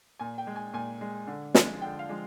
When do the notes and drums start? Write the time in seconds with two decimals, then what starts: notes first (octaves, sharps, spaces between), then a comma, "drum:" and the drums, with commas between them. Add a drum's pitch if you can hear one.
0.19 A#2 G#5
0.38 G5
0.47 G#3
0.56 G#5
0.73 A#2 G#5
1.01 G#3
1.27 D3
1.55 F3 G#3, drum: snare
1.82 D3 G5
1.99 F5
2.09 F3 G#3